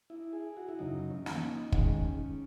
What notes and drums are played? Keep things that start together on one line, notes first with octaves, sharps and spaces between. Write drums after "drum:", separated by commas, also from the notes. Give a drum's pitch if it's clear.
E4
G#4
F#4
E4
F#2 C#3 F#3 D#4
C#4
drum: snare
D#4
D#2 D#3 G#3 C#4, drum: kick